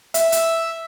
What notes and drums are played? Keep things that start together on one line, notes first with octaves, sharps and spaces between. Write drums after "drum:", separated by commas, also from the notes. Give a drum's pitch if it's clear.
E5, drum: hi-hat
drum: hi-hat